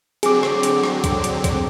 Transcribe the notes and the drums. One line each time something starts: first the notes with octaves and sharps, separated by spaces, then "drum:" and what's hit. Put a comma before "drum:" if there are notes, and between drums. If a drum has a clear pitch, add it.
D3 F#3 C4 G#4 D6, drum: hi-hat
drum: rim click
drum: hi-hat
drum: rim click
drum: kick C2, hi-hat
drum: hi-hat
drum: kick C2, hi-hat